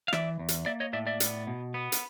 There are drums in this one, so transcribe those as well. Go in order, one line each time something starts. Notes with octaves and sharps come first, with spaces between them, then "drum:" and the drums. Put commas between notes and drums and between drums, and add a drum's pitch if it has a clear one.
F5
E3 D5 E5, drum: rim click
E2
drum: hi-hat
A#3 D5 E5
C#5 D#5
A2 D5 E5
D5 E5
B3, drum: hi-hat
B2
B3
drum: hi-hat